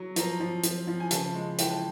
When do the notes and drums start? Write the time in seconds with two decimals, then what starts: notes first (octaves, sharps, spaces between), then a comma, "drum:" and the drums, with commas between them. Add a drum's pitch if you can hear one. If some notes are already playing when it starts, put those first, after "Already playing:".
Already playing: F#3
0.16 F3 A#5, drum: hi-hat
0.40 F3
0.63 F3, drum: hi-hat
0.87 F3
1.00 G#5
1.11 C#3 A5, drum: hi-hat
1.35 G#3
1.58 E3 G5, drum: hi-hat
1.70 A5